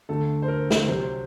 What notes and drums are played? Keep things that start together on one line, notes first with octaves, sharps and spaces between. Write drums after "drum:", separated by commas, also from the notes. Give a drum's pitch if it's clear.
D2 D3 A3 A4
C5
A#4
drum: snare
C2 C3 F#3 C5